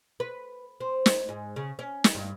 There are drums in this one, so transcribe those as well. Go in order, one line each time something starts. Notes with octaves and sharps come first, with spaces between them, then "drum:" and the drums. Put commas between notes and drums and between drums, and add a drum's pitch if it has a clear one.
B4
C4
drum: snare
G#2
C#3
C#4
drum: snare
G2